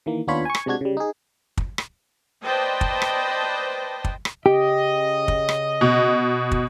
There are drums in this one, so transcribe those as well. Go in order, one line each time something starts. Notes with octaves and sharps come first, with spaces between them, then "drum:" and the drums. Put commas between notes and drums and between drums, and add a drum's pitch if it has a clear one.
D#3 E3 A#3
D#2 B3 D4 F4 C#5 B5
G#5 C#6
drum: rim click
C3 G#3 D4 F#4 G#6
C#3 G3
D#4 G#4
drum: kick
drum: rim click
B4 C5 D5 D#5 G5 A5
drum: kick
drum: rim click
drum: kick
drum: rim click
C#3 G4 D#5
drum: kick
drum: rim click
B2
drum: kick